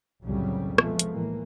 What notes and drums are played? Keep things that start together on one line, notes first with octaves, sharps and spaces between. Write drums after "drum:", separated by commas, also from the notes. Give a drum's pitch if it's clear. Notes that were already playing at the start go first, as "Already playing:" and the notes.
C2 F2 A2 C#3 F#3 G3
B2 F3 G#3 A3, drum: rim click
drum: hi-hat
A2 E3 A#3